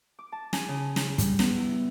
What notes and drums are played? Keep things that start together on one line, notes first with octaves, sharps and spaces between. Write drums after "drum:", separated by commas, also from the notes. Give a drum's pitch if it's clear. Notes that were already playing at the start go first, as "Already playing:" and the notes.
D6
A5
G#5, drum: snare
C#3
drum: snare
G3, drum: kick, hi-hat
B3, drum: snare
E4